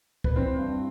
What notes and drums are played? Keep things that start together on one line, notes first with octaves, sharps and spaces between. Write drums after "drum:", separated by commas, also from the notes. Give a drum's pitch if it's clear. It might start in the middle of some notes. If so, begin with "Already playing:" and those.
B4, drum: kick D2
E3 C4 C5
G2